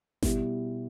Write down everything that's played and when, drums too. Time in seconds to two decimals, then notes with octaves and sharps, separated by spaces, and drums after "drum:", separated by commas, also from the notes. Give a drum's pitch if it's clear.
0.23 B2 G3 B3 E4 G4, drum: snare G#1